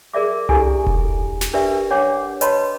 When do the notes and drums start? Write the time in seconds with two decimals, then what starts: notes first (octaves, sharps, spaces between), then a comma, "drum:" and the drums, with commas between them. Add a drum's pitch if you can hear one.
0.13 G#4 A#4 D5 E5 D6
0.49 D4 E4 G4 A4 G#5, drum: tom C2
0.87 drum: kick E1
1.41 drum: snare
1.54 D4 G4 A#4 B4 D5 E5
1.91 D4 C#5 F#5 D6
2.41 B4 C#5 D#5 A5 B5 C6, drum: hi-hat